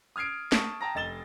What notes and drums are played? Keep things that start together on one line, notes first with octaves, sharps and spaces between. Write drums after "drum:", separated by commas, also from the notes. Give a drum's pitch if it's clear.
D#6 F6 G#6 C7 D7
A5 C#6 D#6, drum: snare
G5 A5 A#5 A#6
F1 D#5 A6 E7 G7